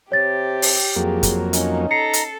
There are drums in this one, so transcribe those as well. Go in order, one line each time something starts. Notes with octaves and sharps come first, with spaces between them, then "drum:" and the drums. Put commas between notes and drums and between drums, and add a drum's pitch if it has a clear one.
C3 G4 C#5 A6
drum: open hi-hat
F2 F#3 A#3 G#4
drum: kick, hi-hat
C#4 D#4, drum: hi-hat
A4 A#5 C7 C#7
drum: hi-hat